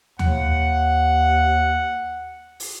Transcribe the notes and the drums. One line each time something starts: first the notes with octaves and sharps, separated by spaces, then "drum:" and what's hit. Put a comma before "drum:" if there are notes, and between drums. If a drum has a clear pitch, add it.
D#2 F#5, drum: tom D#2
drum: open hi-hat